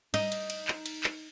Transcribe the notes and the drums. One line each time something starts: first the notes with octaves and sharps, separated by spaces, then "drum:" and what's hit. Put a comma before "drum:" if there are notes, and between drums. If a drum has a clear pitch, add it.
D#4, drum: cymbal
drum: cymbal
drum: cymbal
drum: clap
drum: cymbal
drum: clap